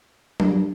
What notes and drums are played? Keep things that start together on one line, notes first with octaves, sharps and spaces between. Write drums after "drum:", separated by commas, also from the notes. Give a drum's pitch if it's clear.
G2, drum: tom F#3